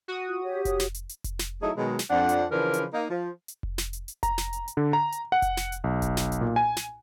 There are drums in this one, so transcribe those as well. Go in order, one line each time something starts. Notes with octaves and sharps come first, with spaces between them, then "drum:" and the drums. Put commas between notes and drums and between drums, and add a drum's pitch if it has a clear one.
F#4 D#6
F4
G4 C#5
C#5, drum: kick F1, hi-hat
drum: snare
drum: hi-hat
drum: hi-hat
drum: kick F1, hi-hat
drum: snare
F#3 A3 D#4 E4 G#4 A4
B2 D#3 F#3 G#3
drum: snare
F2 D4 F#5
drum: hi-hat
C#3 E3 F3 D4 A#4 B4
drum: hi-hat
A#3 D#4
F3
drum: hi-hat
drum: kick F1
drum: snare
drum: hi-hat
drum: hi-hat
A#5, drum: kick F1, hi-hat
drum: snare
drum: hi-hat
drum: hi-hat
D3
A#5
drum: hi-hat
F#5
drum: kick F1, hi-hat
drum: snare
drum: hi-hat
B1
drum: kick F1, hi-hat
drum: snare
drum: hi-hat
A#2
G#5
drum: snare